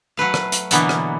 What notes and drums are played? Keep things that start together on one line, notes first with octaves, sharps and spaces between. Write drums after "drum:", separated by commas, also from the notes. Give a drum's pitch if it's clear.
F#3 A3 B4 F5
drum: rim click
drum: hi-hat
B2 D3 E3 F#3 A#3 B3, drum: hi-hat
drum: rim click